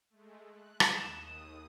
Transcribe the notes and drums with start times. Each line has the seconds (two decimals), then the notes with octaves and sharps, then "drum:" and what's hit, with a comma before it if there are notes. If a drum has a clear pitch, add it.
0.10 G#3 A3
0.51 F#6
0.80 drum: rim click
0.95 D#2 D#6 E7